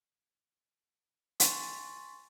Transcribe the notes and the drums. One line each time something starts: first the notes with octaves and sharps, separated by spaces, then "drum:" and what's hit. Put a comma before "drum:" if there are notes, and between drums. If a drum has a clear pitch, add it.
G#5 C6 C#6 A6, drum: hi-hat